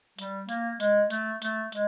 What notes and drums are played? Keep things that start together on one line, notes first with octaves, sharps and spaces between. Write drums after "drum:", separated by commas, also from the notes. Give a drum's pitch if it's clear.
G3, drum: hi-hat
A#3, drum: hi-hat
G#3, drum: hi-hat
A3, drum: hi-hat
A3, drum: hi-hat
G#3, drum: hi-hat